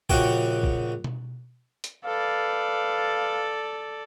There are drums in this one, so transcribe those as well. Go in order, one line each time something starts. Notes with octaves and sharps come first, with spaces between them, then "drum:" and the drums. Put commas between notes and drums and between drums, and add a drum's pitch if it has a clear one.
A#1 C#3 F#4 F#5 G5, drum: kick
drum: kick
drum: tom B2
drum: hi-hat
A4 B4 D5 F5